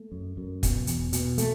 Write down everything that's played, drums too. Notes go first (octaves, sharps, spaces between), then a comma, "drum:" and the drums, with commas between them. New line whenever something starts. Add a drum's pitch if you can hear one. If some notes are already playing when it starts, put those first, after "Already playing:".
Already playing: A3
F#2
F#2
B2, drum: kick, hi-hat
E2, drum: hi-hat
B2, drum: hi-hat
A3, drum: hi-hat